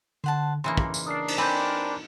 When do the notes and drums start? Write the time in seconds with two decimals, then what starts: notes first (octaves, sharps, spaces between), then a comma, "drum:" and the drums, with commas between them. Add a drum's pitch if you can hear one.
0.24 D3 C5 F#5 A5
0.64 C#3 E3 A#3 D#4 C6
0.77 drum: kick
0.94 drum: tambourine
1.07 D4 A#4 D#6 C7
1.28 drum: cymbal
1.38 C4 B4 D5 G5 G#5 C6 G6